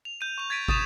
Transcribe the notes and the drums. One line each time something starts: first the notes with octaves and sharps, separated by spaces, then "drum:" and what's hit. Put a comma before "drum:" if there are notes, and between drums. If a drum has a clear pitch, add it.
F7
G6 D#7
C#6 F7
G#6 A6 B6 D7 D#7
C#6 D#6 A6 D#7 E7, drum: kick